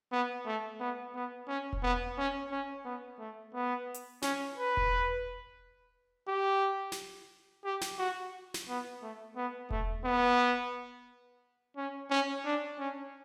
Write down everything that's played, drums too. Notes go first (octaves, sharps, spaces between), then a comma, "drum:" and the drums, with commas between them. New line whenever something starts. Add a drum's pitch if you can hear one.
B3
A3
B3
B3
C#4
drum: kick E1
B3
C#4
C#4
B3
A3
B3
drum: hi-hat
C#4, drum: snare
B4
drum: kick E1
G4
drum: snare
G4
drum: snare
F#4
drum: snare
B3
A3
B3
A3, drum: kick E1
B3
C#4
C#4
D4
C#4